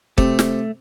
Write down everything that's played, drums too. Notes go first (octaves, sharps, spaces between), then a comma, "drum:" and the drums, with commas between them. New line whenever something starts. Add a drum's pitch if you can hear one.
C3 A3, drum: kick
drum: snare